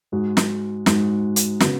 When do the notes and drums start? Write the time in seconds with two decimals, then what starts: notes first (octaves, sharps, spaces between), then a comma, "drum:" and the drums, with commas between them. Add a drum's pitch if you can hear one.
0.12 G#2 G#3 D#4 F#4
0.37 drum: snare
0.86 G#2 G#3 D#4 F#4, drum: snare
1.36 drum: hi-hat
1.61 C#3 B3 F#4, drum: snare